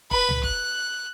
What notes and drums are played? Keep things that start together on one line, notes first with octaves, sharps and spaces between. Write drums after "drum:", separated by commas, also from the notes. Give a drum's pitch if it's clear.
B4 B5, drum: kick
drum: tom C#2
F#6, drum: kick